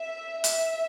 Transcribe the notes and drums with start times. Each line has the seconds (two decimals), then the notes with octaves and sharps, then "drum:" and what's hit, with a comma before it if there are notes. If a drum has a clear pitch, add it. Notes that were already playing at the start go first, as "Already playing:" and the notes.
Already playing: E5
0.44 E5, drum: hi-hat